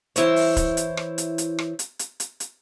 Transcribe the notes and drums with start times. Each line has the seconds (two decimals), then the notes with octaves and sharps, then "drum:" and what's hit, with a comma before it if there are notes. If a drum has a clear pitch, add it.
0.16 E3 E4 C5 C#5, drum: hi-hat
0.36 drum: open hi-hat
0.57 drum: kick, hi-hat
0.77 drum: hi-hat
0.97 drum: rim click
1.18 drum: hi-hat
1.38 drum: hi-hat
1.59 drum: rim click
1.79 drum: hi-hat
1.99 drum: hi-hat
2.20 drum: hi-hat
2.40 drum: hi-hat